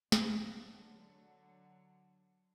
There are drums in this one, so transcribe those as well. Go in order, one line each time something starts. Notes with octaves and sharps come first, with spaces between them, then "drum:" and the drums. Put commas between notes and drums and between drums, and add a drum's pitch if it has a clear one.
D3 F#3, drum: snare